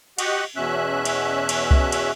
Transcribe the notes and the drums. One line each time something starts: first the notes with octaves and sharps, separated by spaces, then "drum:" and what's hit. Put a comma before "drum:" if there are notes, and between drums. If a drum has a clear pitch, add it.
F#4 G4 D#5 F#5 F#6, drum: cymbal
E2 B2 C#4 E5 F#6
drum: cymbal
drum: cymbal
drum: kick C2
drum: cymbal